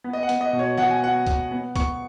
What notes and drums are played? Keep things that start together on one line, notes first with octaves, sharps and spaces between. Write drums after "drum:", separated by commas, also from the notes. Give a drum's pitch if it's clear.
B3
D#5
F#5
B3, drum: hi-hat
D#5
B2
C#5
B2 F#5, drum: snare
G#5
B3 F#5
B3, drum: kick, hi-hat
B3
B3 C#6, drum: kick, hi-hat